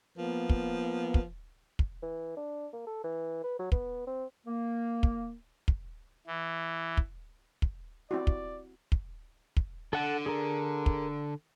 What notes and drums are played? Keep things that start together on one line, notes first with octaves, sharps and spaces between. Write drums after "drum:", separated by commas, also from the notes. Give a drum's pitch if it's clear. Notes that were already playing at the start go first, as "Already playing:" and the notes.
F3 A#3 B3
drum: kick
drum: kick
drum: kick
E3
D4
A#3
A4
E3
B4
F#3
B3, drum: kick
C4
A#3
drum: kick
drum: kick
E3
drum: kick
drum: kick
C4 E4 F#4 D5
drum: kick
drum: kick
drum: kick
D3 A4 F#5 A5
G#4 A#4
drum: kick